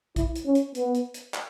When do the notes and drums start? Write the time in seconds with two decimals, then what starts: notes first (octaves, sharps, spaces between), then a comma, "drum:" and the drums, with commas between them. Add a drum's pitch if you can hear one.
0.16 E4, drum: kick, hi-hat
0.36 drum: hi-hat
0.45 C#4
0.55 drum: hi-hat
0.75 B3, drum: hi-hat
0.95 drum: hi-hat
1.14 drum: hi-hat
1.34 drum: clap